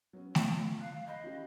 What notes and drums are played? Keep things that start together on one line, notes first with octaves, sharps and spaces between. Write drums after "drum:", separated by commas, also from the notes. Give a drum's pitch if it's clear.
F#3 B3 C#4
A3 F4 A6, drum: snare A3
F5 F#6
D#5 B5 F#6 G6
F3 C#4 G4